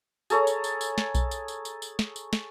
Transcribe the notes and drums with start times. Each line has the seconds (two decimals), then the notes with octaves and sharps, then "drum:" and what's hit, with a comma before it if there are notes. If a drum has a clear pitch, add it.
0.30 G#4 A4 C#5 A#5, drum: tambourine
0.47 drum: tambourine
0.64 drum: tambourine
0.81 drum: tambourine
0.98 drum: snare
1.15 drum: kick B1, tambourine
1.31 drum: tambourine
1.48 drum: tambourine
1.65 drum: tambourine
1.82 drum: tambourine
1.99 drum: snare
2.16 drum: tambourine
2.33 drum: snare